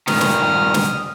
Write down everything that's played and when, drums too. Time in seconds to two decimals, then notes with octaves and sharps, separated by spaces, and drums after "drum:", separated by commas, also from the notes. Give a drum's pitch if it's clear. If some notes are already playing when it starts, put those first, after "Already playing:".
0.07 G2 D#3 D#6 F6, drum: snare
0.21 drum: snare
0.74 drum: snare